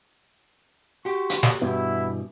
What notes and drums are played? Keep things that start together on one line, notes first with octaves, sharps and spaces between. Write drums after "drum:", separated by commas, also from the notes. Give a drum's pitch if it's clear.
F#4 G4 C6 C#6
drum: hi-hat
drum: snare
G2 B2 E3 B3 E4